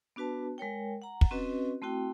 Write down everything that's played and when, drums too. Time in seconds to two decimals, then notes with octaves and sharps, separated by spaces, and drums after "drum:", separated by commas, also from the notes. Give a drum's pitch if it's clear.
0.16 B3 D4 F#4 B4 A5
0.58 G#3 A#4 C#5 G5
1.02 F#5 A#5
1.21 drum: kick
1.31 C4 C#4 F#4 B4 D#5
1.82 A3 C4 E4 F#4 G5